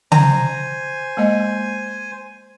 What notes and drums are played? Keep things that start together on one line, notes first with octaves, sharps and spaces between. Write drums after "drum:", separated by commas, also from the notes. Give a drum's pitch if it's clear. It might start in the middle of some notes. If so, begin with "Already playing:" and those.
C5 G#5 A#5, drum: tom C#3
G#3 A#3 D#5